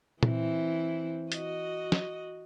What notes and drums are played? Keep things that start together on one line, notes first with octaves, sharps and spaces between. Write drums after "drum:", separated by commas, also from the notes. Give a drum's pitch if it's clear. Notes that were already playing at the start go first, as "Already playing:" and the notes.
E3 C4 E4, drum: tom A#2
F#4 D#5, drum: hi-hat
drum: snare